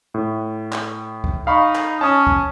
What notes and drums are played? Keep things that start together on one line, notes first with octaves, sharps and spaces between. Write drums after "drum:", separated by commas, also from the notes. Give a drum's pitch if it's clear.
A2
drum: clap
drum: kick
D#4 F5 B5 C#6
drum: clap
C#4 A5 D#6
drum: kick